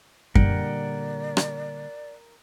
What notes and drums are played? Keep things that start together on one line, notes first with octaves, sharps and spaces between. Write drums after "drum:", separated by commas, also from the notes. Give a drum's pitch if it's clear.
A#2 D3 G3 A#4 D5 F#5 G5, drum: kick F#2
drum: rim click